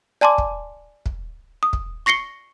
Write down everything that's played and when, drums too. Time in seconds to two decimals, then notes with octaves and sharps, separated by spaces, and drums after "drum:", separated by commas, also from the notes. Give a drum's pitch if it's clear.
0.21 D5 G#5 A5 C6 D6
0.38 drum: kick
1.06 drum: kick
1.63 D#6
1.73 drum: kick
2.06 C#6 A#6 C7 C#7 G7